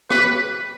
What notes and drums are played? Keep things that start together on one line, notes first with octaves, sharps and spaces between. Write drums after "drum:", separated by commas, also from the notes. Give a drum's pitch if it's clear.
B4, drum: rim click